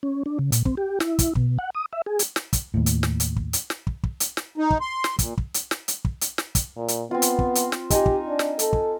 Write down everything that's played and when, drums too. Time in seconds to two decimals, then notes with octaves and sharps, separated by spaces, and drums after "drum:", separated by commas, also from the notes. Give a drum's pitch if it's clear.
0.03 C#4
0.26 D4
0.39 C#3
0.52 A#2, drum: hi-hat
0.65 C4, drum: kick
0.77 G4
1.00 E4, drum: snare
1.19 drum: kick, hi-hat
1.35 B2, drum: kick
1.59 F#5
1.75 D#6
1.93 E5
2.06 G#4
2.19 drum: hi-hat
2.36 drum: snare
2.53 drum: kick, hi-hat
2.74 D#2 A2
2.86 drum: hi-hat
3.03 drum: snare
3.20 drum: hi-hat
3.36 drum: kick
3.53 drum: hi-hat
3.70 drum: snare
3.87 drum: kick
4.03 drum: kick
4.20 drum: hi-hat
4.37 drum: snare
4.58 D#4
4.71 drum: kick
4.81 C6
5.04 drum: snare
5.19 A#2, drum: kick, hi-hat
5.38 drum: kick
5.54 drum: hi-hat
5.71 drum: snare
5.88 drum: hi-hat
6.05 drum: kick
6.21 drum: hi-hat
6.38 drum: snare
6.55 drum: kick, hi-hat
6.77 A#2
6.88 drum: hi-hat
7.11 B3 C4 F4
7.22 drum: hi-hat
7.39 drum: kick
7.55 drum: hi-hat
7.72 drum: snare
7.90 D#4 G4 G#5 A#5, drum: kick, hi-hat
8.06 drum: kick
8.28 D4
8.39 drum: snare
8.59 A4, drum: hi-hat
8.73 drum: kick